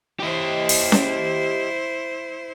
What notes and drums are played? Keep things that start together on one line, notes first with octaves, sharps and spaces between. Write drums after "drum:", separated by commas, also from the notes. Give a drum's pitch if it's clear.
E4 G4 C5 D#5
drum: open hi-hat
drum: snare C#4